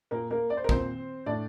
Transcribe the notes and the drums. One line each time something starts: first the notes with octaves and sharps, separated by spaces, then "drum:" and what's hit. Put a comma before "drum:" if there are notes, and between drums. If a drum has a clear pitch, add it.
A#2 A#3 A#4
A#3 A#4
D5
C5
A#4
A#2 C4 C5, drum: kick G#1
A2 D4 D5